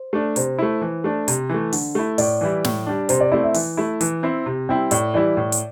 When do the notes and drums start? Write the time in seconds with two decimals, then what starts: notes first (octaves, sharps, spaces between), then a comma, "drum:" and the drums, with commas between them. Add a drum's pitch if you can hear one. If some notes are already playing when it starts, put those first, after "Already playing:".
Already playing: C5
0.13 A3 D4
0.36 C3 C5, drum: hi-hat
0.58 A3 E4
0.82 E3
1.04 A3 D4
1.28 C3, drum: hi-hat
1.49 E3 A3
1.72 D3, drum: open hi-hat
1.95 A3 E4
2.18 A2 D5, drum: open hi-hat
2.41 E3 G3 E4
2.64 A2, drum: snare
2.86 G3 D4
3.09 C3 C5, drum: hi-hat
3.20 D5
3.32 A3 C4 E4 D5
3.43 E5
3.54 E3, drum: open hi-hat
3.77 A3 E4
4.01 E3, drum: hi-hat
4.23 C4 E4
4.46 C3
4.69 G3 C4 E4 G5
4.91 A2 D5, drum: hi-hat
5.14 E3 G3 E4 D5
5.37 A2
5.52 drum: hi-hat